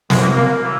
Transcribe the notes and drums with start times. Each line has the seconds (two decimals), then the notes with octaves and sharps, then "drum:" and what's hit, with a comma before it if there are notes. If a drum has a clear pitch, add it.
0.10 F#2 E3 G#3, drum: snare
0.23 A#3
0.36 A#3
0.62 E3